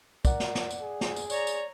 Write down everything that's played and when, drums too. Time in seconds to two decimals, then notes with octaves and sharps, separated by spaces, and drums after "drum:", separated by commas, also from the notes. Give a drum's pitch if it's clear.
0.25 A#4 D5 F#5, drum: kick, tambourine
0.40 drum: snare
0.55 drum: snare
0.71 drum: tambourine
0.81 G#4
1.01 drum: snare
1.16 drum: tambourine
1.30 C#5 D5 A#5, drum: tambourine
1.47 drum: tambourine